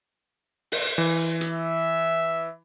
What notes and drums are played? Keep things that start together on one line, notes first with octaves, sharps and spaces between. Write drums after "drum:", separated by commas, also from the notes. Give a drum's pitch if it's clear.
drum: open hi-hat
E3
drum: hi-hat
E5